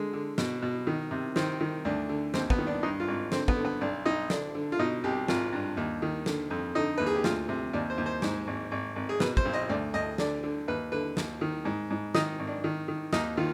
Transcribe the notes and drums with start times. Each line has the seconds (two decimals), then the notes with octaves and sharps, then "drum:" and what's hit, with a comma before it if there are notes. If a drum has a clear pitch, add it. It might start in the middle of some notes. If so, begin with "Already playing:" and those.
Already playing: D3 G#3
0.13 D3
0.38 B2, drum: snare
0.62 B2
0.87 D#3
1.11 C3
1.36 D#3 C4, drum: snare
1.60 D#3
1.85 D2 D4
2.09 D3
2.34 D#2 C4, drum: snare
2.50 B3, drum: kick
2.58 D#3
2.67 D4
2.83 G2 D#4
3.00 F4
3.08 G#1
3.32 D3 C4, drum: snare
3.48 B3, drum: kick
3.56 D3
3.65 B3
3.81 B1 D4
4.05 B1 D#4
4.30 D3 D4, drum: snare
4.55 D3
4.72 F4
4.79 B2 D#4
5.04 C2 G4
5.28 G#1 F4, drum: snare
5.53 G2
5.77 D#2
6.02 D#3
6.26 D3, drum: snare
6.50 F2
6.75 D3 D#4
6.98 D#2 B4
7.06 G#4
7.15 G4
7.24 D2 F4, drum: snare
7.49 C3
7.73 D#2 D5
7.90 C5
7.98 D#2
8.06 C5
8.22 G#2, drum: snare
8.47 G#1
8.71 G#1
8.96 G#1
9.09 G#4
9.20 B2 B4, drum: snare
9.37 C5, drum: kick
9.45 B1
9.53 D#5
9.69 D2 D5
9.94 D2 D#5
10.18 D3 D5, drum: snare
10.43 D3
10.68 D#2 B4
10.92 D3 B4
11.17 D#2, drum: snare
11.41 D#3
11.65 G#2
11.90 G#2
12.14 D#3 D#4, drum: snare
12.39 G#1
12.47 D4
12.64 D#3
12.88 D#3
13.13 D#2 D#4, drum: snare
13.37 D#3 F4